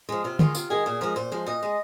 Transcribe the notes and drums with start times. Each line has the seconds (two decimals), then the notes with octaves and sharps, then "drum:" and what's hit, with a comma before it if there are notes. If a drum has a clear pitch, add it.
0.09 F3 G#3
0.24 C3 F4
0.39 D#3 G#3 F4, drum: tom D3
0.55 C3 F4, drum: tambourine
0.70 D#3 G#3 G#4
0.86 A#2 G#4
1.01 F3 G#3 A#4
1.16 A#2 C5
1.32 F3 G#3
1.46 A#2 D#5
1.63 G#3